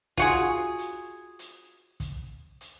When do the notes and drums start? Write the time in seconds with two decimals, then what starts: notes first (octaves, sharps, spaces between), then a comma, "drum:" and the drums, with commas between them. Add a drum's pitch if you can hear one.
0.17 F4 F#4 G#4, drum: kick, hi-hat
0.78 drum: hi-hat
1.39 drum: hi-hat
2.00 drum: kick, hi-hat
2.61 drum: hi-hat